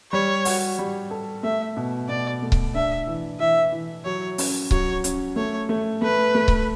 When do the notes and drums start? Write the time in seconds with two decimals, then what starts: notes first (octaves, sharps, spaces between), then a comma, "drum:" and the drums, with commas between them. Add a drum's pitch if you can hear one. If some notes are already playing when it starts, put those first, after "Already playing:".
0.12 G3 C#5
0.45 F#4, drum: open hi-hat
0.79 G3
1.11 A4
1.43 A3 E5
1.77 B2
2.08 B2 D5
2.42 A3
2.52 drum: kick C#1
2.74 D4 E5
3.07 E3
3.40 E3 E5
3.72 E3
4.05 F#3 C#5
4.38 C#4, drum: open hi-hat
4.71 F#3 C#5, drum: kick C#1
5.04 C#4, drum: hi-hat
5.36 A3 C#5
5.69 A3
6.02 A3 B4
6.35 A3
6.48 drum: kick C#1